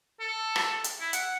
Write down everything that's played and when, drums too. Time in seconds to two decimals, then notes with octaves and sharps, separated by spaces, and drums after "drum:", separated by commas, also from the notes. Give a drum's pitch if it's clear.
0.20 A4
0.56 drum: rim click
0.84 drum: hi-hat
1.00 E4
1.13 F#5, drum: hi-hat